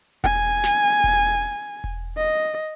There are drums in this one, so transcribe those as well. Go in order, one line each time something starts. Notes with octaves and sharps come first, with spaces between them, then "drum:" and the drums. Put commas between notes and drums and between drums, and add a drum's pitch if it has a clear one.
G#5, drum: kick E1
drum: snare
drum: kick E1
drum: kick E1
D#5